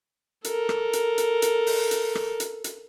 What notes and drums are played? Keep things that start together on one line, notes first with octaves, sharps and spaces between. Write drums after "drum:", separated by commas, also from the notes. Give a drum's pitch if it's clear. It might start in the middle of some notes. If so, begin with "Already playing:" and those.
A4 A#4, drum: hi-hat
drum: rim click
drum: hi-hat
drum: hi-hat
drum: hi-hat
drum: open hi-hat
drum: hi-hat
drum: rim click
drum: hi-hat
drum: hi-hat